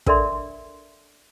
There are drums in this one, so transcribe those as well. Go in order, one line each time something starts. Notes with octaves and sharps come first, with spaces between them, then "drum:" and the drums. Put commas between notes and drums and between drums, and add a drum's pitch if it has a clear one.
D4 A4 A#4 D5 E5 C6, drum: kick